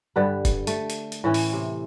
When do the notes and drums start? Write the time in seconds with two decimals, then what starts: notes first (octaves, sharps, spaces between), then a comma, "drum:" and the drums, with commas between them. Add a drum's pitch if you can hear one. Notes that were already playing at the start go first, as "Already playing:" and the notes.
0.16 G2 D3 B4
0.45 drum: kick F1, hi-hat
0.67 A3, drum: hi-hat
0.90 drum: hi-hat
1.12 drum: hi-hat
1.24 A2 E3 C#4
1.34 drum: open hi-hat
1.53 C3